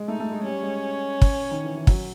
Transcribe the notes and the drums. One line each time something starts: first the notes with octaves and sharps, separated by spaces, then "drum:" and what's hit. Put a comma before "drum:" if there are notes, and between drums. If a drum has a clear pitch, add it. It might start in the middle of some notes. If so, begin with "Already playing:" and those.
Already playing: G#3
A3 D#4
A3
G#3
G3 C#4
G#3
drum: kick
D#3
E3
E3
F#3, drum: kick